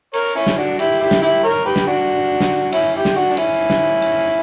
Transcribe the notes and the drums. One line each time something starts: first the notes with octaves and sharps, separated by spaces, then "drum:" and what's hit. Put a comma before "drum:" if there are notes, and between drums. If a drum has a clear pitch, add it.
A#4 C#5, drum: cymbal
C#4 E4
drum: snare
D4 F#4
E4 G4, drum: cymbal
E4 G4
drum: snare
E4 G4
A#4 C#5
G4 B4
drum: snare
D4 F#4
drum: snare
C#4 E4, drum: cymbal
E4 G4
drum: snare
D4 F#4
D4
C#4 E4, drum: cymbal
drum: snare
drum: cymbal